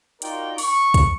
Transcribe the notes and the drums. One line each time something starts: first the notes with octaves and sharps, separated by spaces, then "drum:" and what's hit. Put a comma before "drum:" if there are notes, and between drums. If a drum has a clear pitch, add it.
D#4 F4 F#4 A#4 D5 G5, drum: hi-hat
C#6, drum: open hi-hat
drum: kick, hi-hat